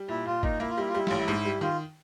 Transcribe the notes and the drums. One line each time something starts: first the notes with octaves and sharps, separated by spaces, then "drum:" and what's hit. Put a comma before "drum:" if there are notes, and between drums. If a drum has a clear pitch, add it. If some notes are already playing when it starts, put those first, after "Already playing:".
Already playing: G3
A#2 E4
A#2 F4
A#3 D#4, drum: kick G1
A#3 E4
F4
G3 E4
F4
G3 E4
A1 F4, drum: snare
E4
G#2
G3
D#3 F4